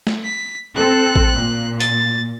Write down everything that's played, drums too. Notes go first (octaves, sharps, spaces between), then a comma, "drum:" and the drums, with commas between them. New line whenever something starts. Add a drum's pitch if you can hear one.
drum: snare
B6
C4 A4 F#6
drum: kick A1
A#2
A6, drum: hi-hat